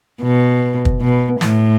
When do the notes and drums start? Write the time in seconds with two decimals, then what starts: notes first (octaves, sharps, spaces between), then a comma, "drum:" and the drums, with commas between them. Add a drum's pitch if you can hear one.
0.22 B2
0.85 drum: kick
1.01 B2
1.41 A2, drum: snare